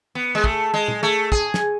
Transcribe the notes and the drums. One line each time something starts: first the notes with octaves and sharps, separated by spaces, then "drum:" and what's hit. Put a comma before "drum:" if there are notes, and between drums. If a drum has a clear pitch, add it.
B3
G#3
A3, drum: kick
G#3
drum: tom
A3
G#4, drum: kick
drum: snare